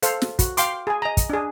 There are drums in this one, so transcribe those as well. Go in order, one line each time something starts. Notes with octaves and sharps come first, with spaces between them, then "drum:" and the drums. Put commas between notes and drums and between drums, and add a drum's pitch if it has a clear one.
A4 C5 F5, drum: hi-hat
drum: snare
F#4, drum: kick, hi-hat
F5 G5 C6 D6, drum: hi-hat
G#4 G#5
D#5 A#5
drum: kick, hi-hat
D4 G#4